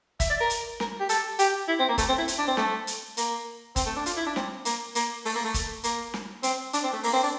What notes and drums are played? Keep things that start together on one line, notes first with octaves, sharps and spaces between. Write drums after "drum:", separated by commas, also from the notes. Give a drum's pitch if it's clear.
E5, drum: kick, hi-hat
D5
A#4
drum: hi-hat
A#4, drum: snare
G4
A4, drum: hi-hat
G4, drum: hi-hat
E4
C4
A#3
A3, drum: kick, hi-hat
C4
E4
drum: hi-hat
D4
C4
A3, drum: snare
drum: hi-hat
A#3, drum: hi-hat
C4, drum: kick, hi-hat
A3
D4
F4, drum: hi-hat
E4
D4
C4, drum: snare
A#3, drum: hi-hat
A#3, drum: hi-hat
A3, drum: open hi-hat
A#3
A3
drum: kick, hi-hat
A#3, drum: hi-hat
drum: snare
C4, drum: hi-hat
D4, drum: hi-hat
C4
A3
A#3, drum: open hi-hat
C4
D4